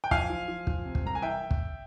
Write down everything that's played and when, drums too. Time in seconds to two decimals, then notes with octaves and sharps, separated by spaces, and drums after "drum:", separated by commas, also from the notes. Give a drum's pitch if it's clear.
0.04 G5
0.11 F3 F5 G#5, drum: kick
0.30 F3
0.48 F3
0.67 F3, drum: kick
0.85 C3
0.95 drum: kick
1.04 C2 A#5
1.15 G#5
1.22 E3 E5 G5
1.51 drum: kick